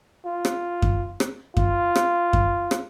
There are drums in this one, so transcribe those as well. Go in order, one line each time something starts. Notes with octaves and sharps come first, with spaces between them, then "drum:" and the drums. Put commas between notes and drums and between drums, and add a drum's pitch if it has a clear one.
F4
drum: rim click
drum: kick F#2
drum: rim click
F4, drum: kick F#2
drum: rim click
drum: kick F#2
drum: rim click